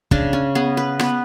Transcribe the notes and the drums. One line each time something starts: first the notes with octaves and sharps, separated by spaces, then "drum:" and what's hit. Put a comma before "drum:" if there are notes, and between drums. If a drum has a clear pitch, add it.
C#3 D4, drum: kick
C#4
B3 G#4
B4
B3 B4, drum: rim click